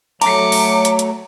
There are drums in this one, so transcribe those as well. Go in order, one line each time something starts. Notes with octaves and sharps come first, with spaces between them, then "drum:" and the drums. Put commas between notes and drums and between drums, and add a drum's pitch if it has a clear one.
F#3 A3 A#5 D6 C#7, drum: cymbal
drum: open hi-hat
drum: hi-hat
drum: hi-hat